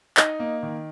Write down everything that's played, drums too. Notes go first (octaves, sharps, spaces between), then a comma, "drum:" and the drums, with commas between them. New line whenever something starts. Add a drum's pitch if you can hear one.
D#4 D#5, drum: clap
A#3
D#3